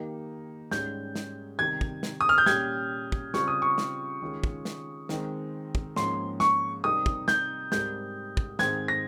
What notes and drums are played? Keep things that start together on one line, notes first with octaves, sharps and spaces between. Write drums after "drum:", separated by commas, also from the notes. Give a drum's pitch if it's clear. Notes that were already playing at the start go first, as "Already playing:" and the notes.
Already playing: D#3 A#3 D#4 G4 A#4
G#2 G3 C#4 G#4 G6, drum: snare
drum: snare
C3 D#3 G3 G#6
drum: kick
drum: snare
D#6
F6
G6
A#2 G3 C#4 G4 G#6, drum: snare
drum: kick
C#3 G3 C4 F4 C#6, drum: snare
D#6
C#6
drum: snare
D#3 G#3 C#4 F4
drum: kick
drum: snare
D#3 G#3 C4, drum: snare
drum: kick
G#2 F3 A#3 C#4 C6, drum: snare
C#6, drum: snare
C3 G3 C4 D#4 A#4 D#6
drum: kick
G6, drum: snare
G#2 G3 C4 G4 A#4 G6, drum: snare
drum: kick
G#2 D#3 G#3 C4 G#6, drum: snare
A#6